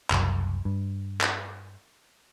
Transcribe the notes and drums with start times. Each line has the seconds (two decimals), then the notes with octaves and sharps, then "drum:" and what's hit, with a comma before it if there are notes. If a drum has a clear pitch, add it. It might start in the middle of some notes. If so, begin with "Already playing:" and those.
0.11 F#1 C2 F#2, drum: clap
0.65 G2
1.21 drum: clap